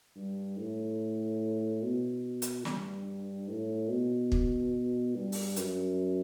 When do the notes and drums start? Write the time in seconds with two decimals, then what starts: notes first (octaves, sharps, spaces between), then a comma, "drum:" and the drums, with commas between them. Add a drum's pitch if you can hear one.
0.16 G2
0.57 A2
1.82 B2
2.42 drum: hi-hat
2.65 G2, drum: snare
3.48 A2
3.89 B2
4.32 drum: kick
5.15 G2
5.32 drum: open hi-hat
5.56 F#2, drum: hi-hat